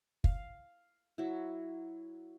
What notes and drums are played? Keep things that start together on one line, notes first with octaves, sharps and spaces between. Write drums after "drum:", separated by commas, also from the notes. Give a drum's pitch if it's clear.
F5, drum: kick
F#3 E4